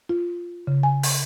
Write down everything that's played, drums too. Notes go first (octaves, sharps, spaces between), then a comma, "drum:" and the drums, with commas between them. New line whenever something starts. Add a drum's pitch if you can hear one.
F4
C#3
G#5
drum: open hi-hat